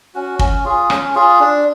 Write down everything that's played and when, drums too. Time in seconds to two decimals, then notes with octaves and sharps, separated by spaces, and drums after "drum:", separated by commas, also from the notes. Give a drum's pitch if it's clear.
0.15 C#4 F#4
0.39 C#4, drum: kick
0.65 F4 G#4
0.90 C#4, drum: rim click
1.15 F4 G#4
1.40 D4